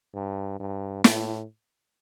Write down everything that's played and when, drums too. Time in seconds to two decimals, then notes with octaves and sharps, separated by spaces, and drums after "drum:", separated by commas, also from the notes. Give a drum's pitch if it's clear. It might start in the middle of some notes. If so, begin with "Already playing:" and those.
0.14 G2
0.60 G2
1.04 A2, drum: snare